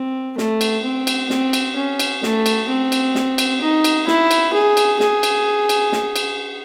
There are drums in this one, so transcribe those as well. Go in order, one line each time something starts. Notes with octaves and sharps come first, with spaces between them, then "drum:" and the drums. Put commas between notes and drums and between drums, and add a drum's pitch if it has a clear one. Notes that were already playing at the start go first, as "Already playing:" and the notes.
Already playing: C4
A3, drum: snare
drum: cymbal
C4
drum: cymbal
C4, drum: snare
drum: cymbal
C#4
drum: cymbal
A3, drum: snare
drum: cymbal
C4
drum: cymbal
drum: snare
drum: cymbal
D#4
drum: cymbal
E4, drum: snare
drum: cymbal
G#4
drum: cymbal
G#4, drum: snare
drum: cymbal
drum: cymbal
drum: snare
drum: cymbal